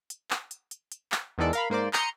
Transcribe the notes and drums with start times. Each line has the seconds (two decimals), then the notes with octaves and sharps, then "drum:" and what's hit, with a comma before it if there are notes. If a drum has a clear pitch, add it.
0.10 drum: hi-hat
0.31 drum: clap
0.51 drum: hi-hat
0.71 drum: hi-hat
0.92 drum: hi-hat
1.12 drum: clap
1.38 E2 D#3 E3 G#3 A4 D5
1.53 A#4 F5 B5, drum: hi-hat
1.70 G#2 A#3 C5 D5
1.93 A#5 C6 D#6 G6 C#7, drum: clap